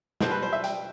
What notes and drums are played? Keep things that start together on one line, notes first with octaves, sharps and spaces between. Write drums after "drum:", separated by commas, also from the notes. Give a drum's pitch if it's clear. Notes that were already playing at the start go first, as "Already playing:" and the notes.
B1 B2 G3 C5, drum: snare
B4
C5
E5
G5, drum: hi-hat